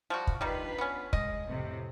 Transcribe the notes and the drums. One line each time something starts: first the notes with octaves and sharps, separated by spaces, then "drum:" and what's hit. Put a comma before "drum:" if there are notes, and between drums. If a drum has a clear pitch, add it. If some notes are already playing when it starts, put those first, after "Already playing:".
F3 G3 F#4
drum: kick
D#3 G3 D4 F4 B4
B3 C#4
G#3 D#5, drum: kick
F2 A2 C3